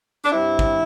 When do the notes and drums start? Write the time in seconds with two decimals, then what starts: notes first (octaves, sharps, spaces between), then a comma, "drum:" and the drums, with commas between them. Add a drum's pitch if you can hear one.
0.25 D4
0.33 G2 G3 C4 E4
0.59 drum: kick